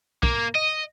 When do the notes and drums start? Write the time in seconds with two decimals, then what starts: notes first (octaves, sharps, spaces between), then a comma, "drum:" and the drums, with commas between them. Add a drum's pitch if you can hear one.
0.23 A#3, drum: kick
0.55 D#5